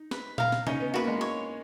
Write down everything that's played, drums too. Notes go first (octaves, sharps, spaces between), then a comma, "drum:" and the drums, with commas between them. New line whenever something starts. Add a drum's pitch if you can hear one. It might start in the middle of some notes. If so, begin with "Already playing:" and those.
Already playing: D#4
B4, drum: snare
F5 A#5, drum: tom A#2
drum: snare
C#4 D#4, drum: tom C3
B3
A#3 F#4 B4
G#3
C#5